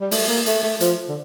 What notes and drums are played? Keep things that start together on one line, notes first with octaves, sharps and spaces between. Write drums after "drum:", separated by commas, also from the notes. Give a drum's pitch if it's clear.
G3
A3, drum: open hi-hat
A#3
A3, drum: hi-hat
A3
F3, drum: hi-hat
D3